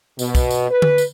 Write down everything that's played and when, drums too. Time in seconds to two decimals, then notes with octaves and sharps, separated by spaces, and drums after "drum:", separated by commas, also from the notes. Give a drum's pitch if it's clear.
0.19 B2, drum: tambourine
0.35 drum: kick, tambourine
0.51 drum: tambourine
0.70 B4
0.82 drum: tom D3
0.98 drum: tambourine